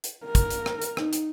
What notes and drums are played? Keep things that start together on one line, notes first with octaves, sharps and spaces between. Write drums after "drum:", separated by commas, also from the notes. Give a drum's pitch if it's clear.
drum: hi-hat
A#4
drum: kick, hi-hat
drum: hi-hat
drum: rim click
drum: hi-hat
D#4, drum: rim click
drum: hi-hat